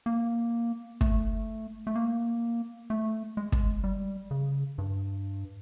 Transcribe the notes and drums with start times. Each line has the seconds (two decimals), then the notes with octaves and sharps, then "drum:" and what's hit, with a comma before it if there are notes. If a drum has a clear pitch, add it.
0.06 A#3
1.01 A3, drum: kick
1.87 A3
1.95 A#3
2.90 A3
3.37 G#3
3.52 drum: kick
3.84 G3
4.31 C#3
4.78 G2